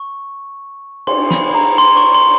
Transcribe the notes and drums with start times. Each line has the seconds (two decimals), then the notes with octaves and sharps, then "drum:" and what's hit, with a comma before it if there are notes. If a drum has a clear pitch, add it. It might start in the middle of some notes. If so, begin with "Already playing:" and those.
Already playing: C#6
1.07 C6, drum: cymbal
1.31 B5, drum: snare
1.50 B5
1.55 A#5
1.78 C6
1.97 C#6
2.15 C6